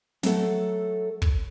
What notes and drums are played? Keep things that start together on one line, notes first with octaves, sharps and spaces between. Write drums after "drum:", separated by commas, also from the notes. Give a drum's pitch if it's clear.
F#3 A3 A4 F#5, drum: snare
drum: kick